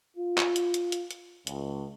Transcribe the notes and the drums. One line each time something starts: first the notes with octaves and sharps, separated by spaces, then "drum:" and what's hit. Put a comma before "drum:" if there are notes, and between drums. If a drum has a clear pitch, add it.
F4
drum: clap
drum: hi-hat
drum: hi-hat
drum: hi-hat
drum: hi-hat
C#2, drum: hi-hat